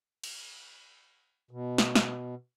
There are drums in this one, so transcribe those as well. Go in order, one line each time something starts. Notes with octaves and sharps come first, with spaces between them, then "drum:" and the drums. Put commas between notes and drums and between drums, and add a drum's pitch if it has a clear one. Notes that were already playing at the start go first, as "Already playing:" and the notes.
drum: cymbal
B2
drum: snare
drum: snare